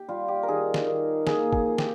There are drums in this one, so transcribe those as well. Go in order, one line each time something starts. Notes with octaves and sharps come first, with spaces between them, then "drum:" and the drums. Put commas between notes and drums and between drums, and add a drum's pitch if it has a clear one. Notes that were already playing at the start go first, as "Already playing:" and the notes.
Already playing: G4
G3 F4
G4
A#4
D#3 G#4
drum: snare
D#3
A#3 G#4, drum: snare
G#4, drum: kick
F3
G4, drum: snare